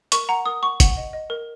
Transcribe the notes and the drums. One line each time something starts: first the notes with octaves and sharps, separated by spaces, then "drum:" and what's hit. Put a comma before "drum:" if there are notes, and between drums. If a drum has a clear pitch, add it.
A#4 C#6, drum: hi-hat
F#5 A#5
A#4 D#6
F#5 C#6
F#5, drum: kick, hi-hat
D#5
D#5
A#4